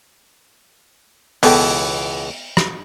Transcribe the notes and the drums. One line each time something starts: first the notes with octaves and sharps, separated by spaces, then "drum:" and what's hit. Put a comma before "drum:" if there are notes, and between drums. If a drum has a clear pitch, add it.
C#2 B2 E3 B3 A4 G5, drum: open hi-hat
drum: rim click